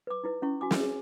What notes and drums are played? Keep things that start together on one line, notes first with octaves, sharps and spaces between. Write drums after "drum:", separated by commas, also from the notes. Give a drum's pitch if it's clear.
B4 D6
D#4 E4 B4
C#4 E4 C#6
F#4 G#5 D6
drum: snare
G#4